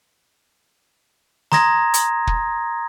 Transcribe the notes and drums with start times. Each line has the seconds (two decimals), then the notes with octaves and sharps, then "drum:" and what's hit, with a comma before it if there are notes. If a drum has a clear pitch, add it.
1.52 A#5 C6 D#6 G#6 A#6, drum: snare
1.94 drum: hi-hat
2.27 drum: kick